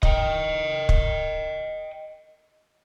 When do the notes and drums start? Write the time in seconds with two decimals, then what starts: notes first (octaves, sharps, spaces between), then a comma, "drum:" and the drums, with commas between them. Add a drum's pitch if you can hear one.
0.03 D#5 G5, drum: kick
0.89 drum: kick